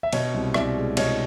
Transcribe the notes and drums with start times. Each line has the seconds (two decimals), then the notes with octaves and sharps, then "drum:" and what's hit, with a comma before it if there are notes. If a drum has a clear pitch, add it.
0.03 E5
0.13 B2 C#5 D#5, drum: cymbal
0.34 C2
0.54 C2 D5 E5, drum: rim click
0.76 G#3
0.97 B2 C#5 D#5, drum: cymbal